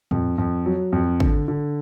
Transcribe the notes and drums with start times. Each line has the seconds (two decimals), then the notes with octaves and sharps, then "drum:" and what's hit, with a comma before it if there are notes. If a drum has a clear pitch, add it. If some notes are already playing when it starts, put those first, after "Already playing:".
0.11 F2, drum: tom
0.38 F2
0.66 F#3
0.92 F2
1.20 D3, drum: kick
1.48 D3